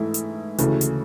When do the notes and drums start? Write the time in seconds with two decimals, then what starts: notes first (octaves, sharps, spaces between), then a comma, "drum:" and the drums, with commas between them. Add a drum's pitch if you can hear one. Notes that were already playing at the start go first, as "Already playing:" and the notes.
Already playing: G#2 E3 A3 E4
0.14 drum: hi-hat
0.58 D2 C#3 E3 A3, drum: hi-hat
0.81 drum: hi-hat